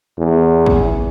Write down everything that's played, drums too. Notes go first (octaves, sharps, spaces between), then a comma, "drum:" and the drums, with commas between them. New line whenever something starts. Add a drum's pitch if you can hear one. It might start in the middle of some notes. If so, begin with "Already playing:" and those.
E2
drum: kick